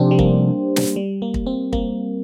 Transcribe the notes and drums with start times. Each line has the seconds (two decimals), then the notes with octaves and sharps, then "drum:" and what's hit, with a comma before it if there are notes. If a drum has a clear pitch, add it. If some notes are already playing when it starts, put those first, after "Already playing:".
Already playing: C3 F3 C4 D4 G4 C5
0.11 G3
0.19 A#3, drum: kick
0.76 drum: snare
0.96 G3
1.22 A#3
1.34 drum: kick
1.46 C4
1.73 A#3, drum: kick